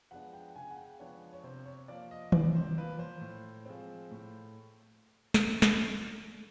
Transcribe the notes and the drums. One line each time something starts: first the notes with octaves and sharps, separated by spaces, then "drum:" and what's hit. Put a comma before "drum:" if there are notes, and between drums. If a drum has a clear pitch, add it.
F3 G#3 B3 D4 F#5
G5
C#3 G#5
F#5
G5
F3 G#3 B3 D4 C#5
C#5
C3 C5
C#5
F3 A#3 D5
D#5
C3 D5, drum: tom D#3
C5
F3 A#3 B4
C5
A2
F3 G#3 C4
A2
drum: snare
drum: snare